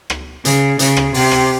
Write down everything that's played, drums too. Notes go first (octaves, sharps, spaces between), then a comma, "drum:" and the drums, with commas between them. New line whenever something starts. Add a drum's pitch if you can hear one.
drum: rim click
C#3, drum: hi-hat
C#3, drum: hi-hat
drum: rim click
C3, drum: open hi-hat
drum: rim click